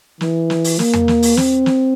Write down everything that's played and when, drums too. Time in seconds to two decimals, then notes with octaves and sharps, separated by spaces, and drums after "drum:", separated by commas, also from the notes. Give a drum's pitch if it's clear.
0.21 E3, drum: snare
0.50 drum: snare
0.64 drum: open hi-hat
0.79 A#3, drum: snare
0.93 drum: tom E2
1.08 drum: snare
1.22 drum: open hi-hat
1.37 C4, drum: snare
1.66 drum: snare